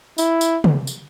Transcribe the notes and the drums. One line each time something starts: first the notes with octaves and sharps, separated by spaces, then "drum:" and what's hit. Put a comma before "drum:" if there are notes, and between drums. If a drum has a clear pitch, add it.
E4, drum: tambourine
drum: tambourine
drum: tom
drum: tambourine